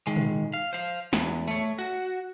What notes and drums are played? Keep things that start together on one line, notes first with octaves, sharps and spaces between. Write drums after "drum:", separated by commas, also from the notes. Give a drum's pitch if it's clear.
D#3 G#3
drum: tom
F5
C5 F5
E2, drum: snare
A3 C#5
F#4